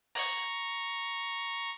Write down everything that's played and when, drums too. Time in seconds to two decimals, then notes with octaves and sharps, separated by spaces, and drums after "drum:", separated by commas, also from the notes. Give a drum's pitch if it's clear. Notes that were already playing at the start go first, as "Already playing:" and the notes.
0.15 A#5 C#6, drum: open hi-hat